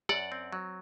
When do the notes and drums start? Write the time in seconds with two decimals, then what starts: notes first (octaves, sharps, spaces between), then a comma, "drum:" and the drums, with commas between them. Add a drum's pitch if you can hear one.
0.09 F#2 D5 F#5, drum: rim click
0.32 C4
0.53 F#3